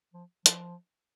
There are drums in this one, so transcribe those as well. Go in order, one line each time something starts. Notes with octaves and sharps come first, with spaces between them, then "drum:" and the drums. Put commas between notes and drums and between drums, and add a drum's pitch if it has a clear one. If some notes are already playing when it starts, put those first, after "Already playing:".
F3
F3, drum: hi-hat